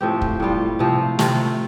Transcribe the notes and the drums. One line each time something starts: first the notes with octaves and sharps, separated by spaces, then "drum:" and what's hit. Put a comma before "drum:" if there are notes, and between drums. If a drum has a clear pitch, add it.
A2 F3 C4 G4
drum: kick
A2 G3 F4
C3 F3 C4
C3 A3 F4, drum: snare